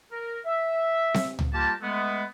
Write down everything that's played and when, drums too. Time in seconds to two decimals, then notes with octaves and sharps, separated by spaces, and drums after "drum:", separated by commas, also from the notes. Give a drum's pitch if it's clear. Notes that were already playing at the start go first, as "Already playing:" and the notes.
0.12 A#4
0.46 E5
1.14 drum: snare C4
1.39 drum: tom C#2
1.53 G3 A#3 F4 G4 A#4 A5
1.82 G#3 A3 B3